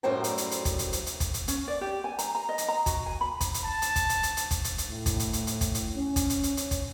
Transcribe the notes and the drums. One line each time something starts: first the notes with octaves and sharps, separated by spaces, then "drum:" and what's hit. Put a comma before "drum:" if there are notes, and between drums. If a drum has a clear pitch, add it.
F#2 A2 G3 C5 G5 A#5
drum: hi-hat
drum: hi-hat
drum: hi-hat
drum: kick, hi-hat
drum: hi-hat
drum: hi-hat
drum: hi-hat
drum: kick, hi-hat
drum: hi-hat
C#4, drum: hi-hat
D5
G4
G#5
A#5, drum: hi-hat
A#5
D#5
drum: hi-hat
A#5
F#4, drum: kick, hi-hat
G#5
B5
drum: kick, hi-hat
drum: hi-hat
A5
drum: hi-hat
drum: kick, hi-hat
drum: hi-hat
drum: hi-hat
drum: hi-hat
drum: kick, hi-hat
drum: hi-hat
drum: hi-hat
A2
drum: kick, hi-hat
drum: hi-hat
drum: hi-hat
drum: hi-hat
drum: kick, hi-hat
drum: hi-hat
C#4
drum: kick, hi-hat
drum: hi-hat
drum: hi-hat
drum: hi-hat
drum: kick, hi-hat